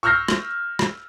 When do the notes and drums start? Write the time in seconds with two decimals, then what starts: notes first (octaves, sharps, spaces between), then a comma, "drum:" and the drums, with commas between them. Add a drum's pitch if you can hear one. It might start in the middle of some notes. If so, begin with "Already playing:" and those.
0.03 C#6 E6 F6 G6 A#6 C7
0.28 drum: rim click
0.79 drum: rim click